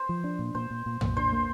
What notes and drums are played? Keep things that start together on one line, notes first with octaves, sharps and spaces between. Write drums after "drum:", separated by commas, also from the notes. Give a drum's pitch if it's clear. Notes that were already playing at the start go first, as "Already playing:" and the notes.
Already playing: C5
F3
D4
A#2
A#2 C5
A#2
A#2
A#2, drum: tom
D4 C5
A#3